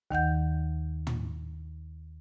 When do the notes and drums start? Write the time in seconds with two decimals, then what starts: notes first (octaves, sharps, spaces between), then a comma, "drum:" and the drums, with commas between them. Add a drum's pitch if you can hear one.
0.11 D#2 D#3 F#5 G6, drum: kick
1.07 drum: tom